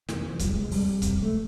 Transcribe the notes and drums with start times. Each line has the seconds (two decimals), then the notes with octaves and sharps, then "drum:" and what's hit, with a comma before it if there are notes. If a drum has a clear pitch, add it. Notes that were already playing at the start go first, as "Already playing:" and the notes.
0.09 F2 C3 D#3, drum: snare
0.19 E3
0.29 F3
0.39 F2 C3 G3, drum: kick, hi-hat
0.50 G#3
0.61 G#3
0.71 F2 C3 G3, drum: open hi-hat
1.02 F2 C3, drum: kick, hi-hat
1.22 A3